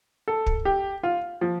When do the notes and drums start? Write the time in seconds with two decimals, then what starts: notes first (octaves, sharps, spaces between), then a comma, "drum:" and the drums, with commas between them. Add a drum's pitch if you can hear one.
0.28 A4
0.46 drum: kick
0.65 G4
1.03 F4
1.41 F3